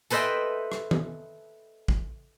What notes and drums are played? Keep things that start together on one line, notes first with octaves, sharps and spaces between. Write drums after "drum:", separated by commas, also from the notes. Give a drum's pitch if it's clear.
A4 B4 C5 D#5 E5 G5, drum: tambourine
drum: rim click
drum: tom D#3
drum: kick A1